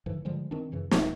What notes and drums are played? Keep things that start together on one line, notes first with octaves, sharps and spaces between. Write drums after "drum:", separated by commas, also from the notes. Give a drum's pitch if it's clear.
G#2 D3 E3 F3
D3 F3 G3 G#3
D#3 C4 D4
F#2 C#3 E3
D#1 A#2, drum: snare